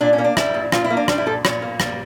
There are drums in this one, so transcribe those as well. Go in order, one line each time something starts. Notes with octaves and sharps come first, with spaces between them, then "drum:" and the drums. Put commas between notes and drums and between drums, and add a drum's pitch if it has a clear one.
A#2 D4
C#4
A#3
D4
G3 E4, drum: rim click
A#2
A#2 F4, drum: rim click
E4
A#3
D4
G3 D4, drum: rim click
E4
A#2 A4
A#2 C#5, drum: rim click
A#3
G3, drum: rim click